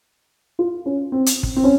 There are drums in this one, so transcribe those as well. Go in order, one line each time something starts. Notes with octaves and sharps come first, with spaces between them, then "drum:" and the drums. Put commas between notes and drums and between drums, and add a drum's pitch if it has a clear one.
F4
C#4
C4
drum: hi-hat
drum: kick
C4
C#4